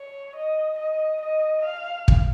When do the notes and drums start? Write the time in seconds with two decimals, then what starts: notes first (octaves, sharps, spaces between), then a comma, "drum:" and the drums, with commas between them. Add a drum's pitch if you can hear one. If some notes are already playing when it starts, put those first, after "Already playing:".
Already playing: C#5
0.35 D#5
0.79 D#5
1.22 D#5
1.65 F5
2.08 drum: kick